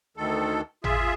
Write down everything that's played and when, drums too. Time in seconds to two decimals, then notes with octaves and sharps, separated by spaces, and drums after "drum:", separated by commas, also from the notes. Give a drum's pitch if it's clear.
0.17 D2 D#3 A4
0.84 F4 G#4 E5, drum: tom G#1